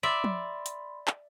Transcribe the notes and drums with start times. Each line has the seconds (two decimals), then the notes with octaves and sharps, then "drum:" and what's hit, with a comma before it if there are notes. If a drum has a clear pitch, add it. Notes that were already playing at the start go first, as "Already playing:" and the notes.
0.03 D5 E5 B5 C6
0.24 drum: tom F3
0.66 drum: hi-hat
1.07 drum: clap